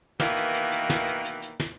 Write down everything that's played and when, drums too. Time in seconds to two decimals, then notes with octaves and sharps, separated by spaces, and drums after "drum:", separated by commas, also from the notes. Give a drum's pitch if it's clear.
0.20 B2 D#3 E3 A#3, drum: snare
0.37 drum: hi-hat
0.55 drum: hi-hat
0.72 drum: hi-hat
0.90 drum: snare
1.07 drum: hi-hat
1.25 drum: hi-hat
1.42 drum: hi-hat
1.60 drum: snare